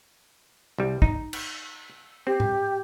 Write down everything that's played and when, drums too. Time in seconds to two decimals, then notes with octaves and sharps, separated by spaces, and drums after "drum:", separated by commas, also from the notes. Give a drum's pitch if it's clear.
0.78 C2 G3
1.02 D#4, drum: kick
1.33 drum: cymbal
2.27 C4 G4
2.40 drum: tom A2